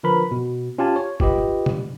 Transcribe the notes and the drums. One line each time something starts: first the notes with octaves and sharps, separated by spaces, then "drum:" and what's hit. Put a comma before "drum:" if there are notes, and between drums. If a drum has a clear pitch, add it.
D3 F3 A#4 B4 B5
B2
C#4 F4 G4 F5 G#5 A5
C#5
F4 G4 B4 D#5, drum: kick
drum: tom